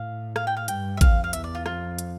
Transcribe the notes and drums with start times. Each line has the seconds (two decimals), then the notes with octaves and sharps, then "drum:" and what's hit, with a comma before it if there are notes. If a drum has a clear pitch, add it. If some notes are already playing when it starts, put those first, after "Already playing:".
Already playing: A2 F5
0.36 F5, drum: rim click
0.47 G5
0.57 F5
0.68 G2 G5, drum: hi-hat
0.97 E5
1.01 F2 F5, drum: kick, hi-hat
1.24 F5
1.33 E2 E5, drum: hi-hat
1.44 D5
1.55 F4
1.66 F2 F4, drum: rim click
1.98 drum: hi-hat